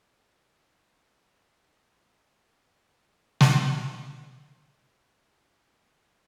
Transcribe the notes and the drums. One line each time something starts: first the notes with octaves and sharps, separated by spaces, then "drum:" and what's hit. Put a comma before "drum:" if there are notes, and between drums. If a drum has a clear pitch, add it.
D3 F#4 G#5
drum: snare
A#2 F#3
C#2